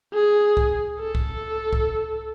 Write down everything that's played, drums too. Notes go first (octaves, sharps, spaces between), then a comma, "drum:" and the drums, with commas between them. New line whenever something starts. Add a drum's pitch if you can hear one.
G#4
drum: kick C2
A4
drum: kick C2
drum: kick C2